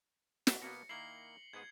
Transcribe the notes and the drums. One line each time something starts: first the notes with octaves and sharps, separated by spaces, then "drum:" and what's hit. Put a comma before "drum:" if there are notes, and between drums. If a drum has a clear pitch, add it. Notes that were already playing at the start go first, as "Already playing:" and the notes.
A#2 A3 D4, drum: snare
B2 A#3 B3 A#6 C#7
D#3 A#3 E4 C7 F#7 G7
G#2 B3 G#4 G#6